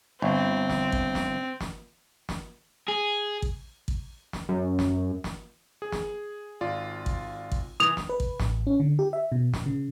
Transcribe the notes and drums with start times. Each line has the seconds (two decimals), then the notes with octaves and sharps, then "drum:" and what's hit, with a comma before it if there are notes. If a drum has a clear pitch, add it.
0.22 G1 C4
0.70 drum: snare
0.92 drum: kick A1
1.15 drum: snare
1.61 drum: snare
2.29 drum: snare
2.89 G#4
3.42 drum: kick A1
3.88 drum: kick A1
4.33 drum: snare
4.49 F#2
4.79 drum: snare
5.24 drum: snare
5.82 G#4
5.92 drum: snare
6.61 G#1 F4 D5
7.06 drum: kick A1
7.52 drum: kick A1
7.80 E3 D#6 G#6 F7
7.97 drum: snare
8.09 B4
8.20 drum: kick A1
8.40 A1, drum: snare
8.67 C#4
8.80 D3
8.99 G4
9.13 E5
9.32 B2
9.54 A#2, drum: snare
9.66 C#3